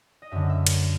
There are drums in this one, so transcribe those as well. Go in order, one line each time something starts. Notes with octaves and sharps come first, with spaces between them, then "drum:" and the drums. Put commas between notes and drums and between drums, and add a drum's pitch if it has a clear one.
D#5
F#2 D3 E5
E5
A#4, drum: cymbal